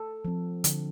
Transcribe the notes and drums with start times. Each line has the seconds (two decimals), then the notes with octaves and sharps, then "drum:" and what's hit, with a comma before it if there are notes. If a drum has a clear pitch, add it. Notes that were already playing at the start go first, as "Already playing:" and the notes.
Already playing: A4
0.25 F3 C4
0.64 D3, drum: hi-hat